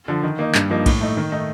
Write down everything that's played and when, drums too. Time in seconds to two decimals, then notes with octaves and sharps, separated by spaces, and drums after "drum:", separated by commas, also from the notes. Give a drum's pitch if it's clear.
0.08 D3 F3
0.24 D#3
0.39 A#3 D#4
0.55 G2, drum: clap
0.70 F3 A#3 D#4
0.86 A2, drum: kick B1, cymbal
1.01 A3 D#4
1.17 D#3
1.32 A3 D#4